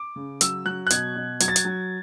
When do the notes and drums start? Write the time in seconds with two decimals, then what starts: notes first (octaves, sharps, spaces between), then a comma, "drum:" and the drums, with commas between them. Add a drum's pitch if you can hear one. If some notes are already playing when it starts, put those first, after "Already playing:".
Already playing: D6
0.16 C#3
0.41 F#3 E6, drum: hi-hat
0.65 F#3 F#6
0.87 F#6
0.90 B2 G#6, drum: hi-hat
1.16 B2
1.40 F#3 G#6, drum: hi-hat
1.48 A6
1.56 G#6, drum: hi-hat
1.65 F#3